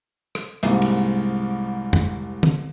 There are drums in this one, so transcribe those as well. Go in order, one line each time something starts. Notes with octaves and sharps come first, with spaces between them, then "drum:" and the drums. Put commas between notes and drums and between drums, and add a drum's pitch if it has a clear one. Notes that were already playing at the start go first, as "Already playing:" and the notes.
drum: rim click
C2 G#2 A#3, drum: hi-hat
drum: cymbal
drum: tom F2
drum: tom